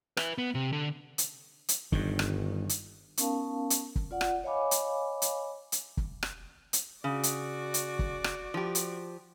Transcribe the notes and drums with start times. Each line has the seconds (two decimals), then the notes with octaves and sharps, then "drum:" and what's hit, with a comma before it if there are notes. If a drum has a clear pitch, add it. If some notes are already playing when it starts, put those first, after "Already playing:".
0.17 B4 E5, drum: rim click
0.38 B3
0.55 C3
0.73 D3
1.18 drum: hi-hat
1.69 drum: hi-hat
1.92 G1 G2 D#3, drum: kick
2.19 drum: rim click
2.69 drum: hi-hat
3.17 B3 C#4 D#4 A#4 F5 A5, drum: hi-hat
3.70 drum: hi-hat
3.96 drum: kick
4.11 F4 D5 F#5
4.21 drum: rim click
4.44 C#5 D#5 F5 G#5 B5 D6
4.71 drum: hi-hat
5.22 drum: hi-hat
5.72 drum: hi-hat
5.97 drum: kick
6.23 drum: rim click
6.73 drum: hi-hat
7.04 C#3 F#4 D5
7.23 drum: hi-hat
7.74 drum: hi-hat
7.99 drum: kick
8.24 drum: rim click
8.54 F3 G4
8.75 drum: hi-hat